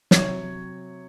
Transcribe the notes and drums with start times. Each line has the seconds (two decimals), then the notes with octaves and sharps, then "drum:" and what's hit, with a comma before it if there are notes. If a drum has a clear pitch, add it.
0.11 C3 F#3 C#5, drum: snare